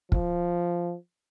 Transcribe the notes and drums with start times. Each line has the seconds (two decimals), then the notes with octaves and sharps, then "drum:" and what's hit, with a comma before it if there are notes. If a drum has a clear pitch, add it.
0.12 F3, drum: kick